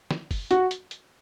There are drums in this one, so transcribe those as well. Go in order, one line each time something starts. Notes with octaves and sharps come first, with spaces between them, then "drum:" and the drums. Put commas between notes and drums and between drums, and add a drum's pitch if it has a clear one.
drum: snare
drum: kick, open hi-hat
F#4, drum: hi-hat
drum: hi-hat
drum: hi-hat